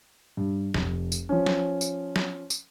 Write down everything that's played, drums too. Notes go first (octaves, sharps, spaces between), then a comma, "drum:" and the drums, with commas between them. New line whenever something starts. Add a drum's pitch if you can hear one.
G2
F1, drum: snare
drum: tambourine
F3 C#4
drum: snare
drum: tambourine
drum: snare
drum: tambourine